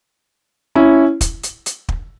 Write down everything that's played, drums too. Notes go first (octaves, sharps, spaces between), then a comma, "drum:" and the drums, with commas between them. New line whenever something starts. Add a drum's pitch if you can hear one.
C#4 E4
drum: kick, hi-hat
drum: hi-hat
drum: hi-hat
drum: kick